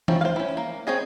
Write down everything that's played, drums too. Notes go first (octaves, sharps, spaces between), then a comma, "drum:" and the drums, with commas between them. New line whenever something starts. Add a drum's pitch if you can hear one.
D#3 F3 C4 C#4 E4, drum: tom E3
C5 F5
C#4 E4
A#3
C4 C#4 G#4 D#5